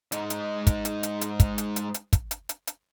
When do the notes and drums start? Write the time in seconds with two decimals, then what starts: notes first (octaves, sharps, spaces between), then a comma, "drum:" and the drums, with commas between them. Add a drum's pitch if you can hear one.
0.12 G#2 D#4, drum: hi-hat
0.30 drum: hi-hat
0.67 drum: kick, hi-hat
0.85 drum: hi-hat
1.03 drum: hi-hat
1.21 drum: hi-hat
1.40 drum: kick, hi-hat
1.58 drum: hi-hat
1.76 drum: hi-hat
1.94 drum: hi-hat
2.13 drum: kick, hi-hat
2.31 drum: hi-hat
2.49 drum: hi-hat
2.67 drum: hi-hat